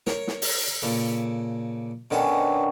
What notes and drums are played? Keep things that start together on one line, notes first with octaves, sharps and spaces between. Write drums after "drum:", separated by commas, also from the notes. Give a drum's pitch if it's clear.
A#4 C#5, drum: snare
drum: snare
drum: open hi-hat
A#2 C#3 A4
B2 D3 D#3 C#4 A4 D#6